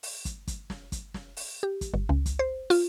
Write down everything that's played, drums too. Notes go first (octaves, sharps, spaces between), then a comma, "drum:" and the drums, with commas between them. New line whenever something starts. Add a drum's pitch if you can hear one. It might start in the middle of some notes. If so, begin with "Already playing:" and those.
drum: open hi-hat
drum: kick, hi-hat
drum: kick, hi-hat
drum: snare
drum: kick, hi-hat
drum: snare
drum: open hi-hat
G4
drum: kick, hi-hat
G1
C#2
drum: kick, hi-hat
C5
F4, drum: open hi-hat